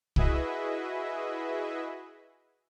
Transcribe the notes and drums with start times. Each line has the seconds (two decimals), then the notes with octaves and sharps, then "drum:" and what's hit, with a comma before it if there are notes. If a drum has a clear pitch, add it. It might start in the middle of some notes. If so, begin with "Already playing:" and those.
0.16 E4 F#4 G#4 B4 D#5 E5, drum: kick